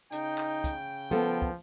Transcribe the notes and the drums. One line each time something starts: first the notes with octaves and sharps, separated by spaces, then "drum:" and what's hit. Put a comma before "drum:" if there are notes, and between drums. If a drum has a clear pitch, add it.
C#3 D#4 G5, drum: hi-hat
drum: clap
drum: kick, hi-hat
F3 B3 A4
drum: kick